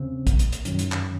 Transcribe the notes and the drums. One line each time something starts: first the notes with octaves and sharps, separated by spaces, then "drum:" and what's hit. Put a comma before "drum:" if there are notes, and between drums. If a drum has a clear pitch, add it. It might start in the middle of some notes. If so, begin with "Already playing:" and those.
Already playing: D#2 C#3 C4
C2 A#2, drum: kick, hi-hat
drum: hi-hat
drum: hi-hat
F#2 D#3 C#4, drum: hi-hat
drum: hi-hat
drum: clap